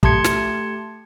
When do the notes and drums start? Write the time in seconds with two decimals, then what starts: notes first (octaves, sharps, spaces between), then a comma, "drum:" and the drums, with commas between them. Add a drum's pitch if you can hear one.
0.03 A3 G4 A5 C6 G#6 C#7, drum: kick
0.24 drum: snare